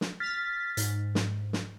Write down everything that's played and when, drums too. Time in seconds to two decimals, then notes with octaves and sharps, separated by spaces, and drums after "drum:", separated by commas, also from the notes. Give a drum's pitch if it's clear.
0.01 drum: snare
0.20 F6 A6 B6
0.77 G#2, drum: hi-hat
1.15 drum: snare
1.53 drum: snare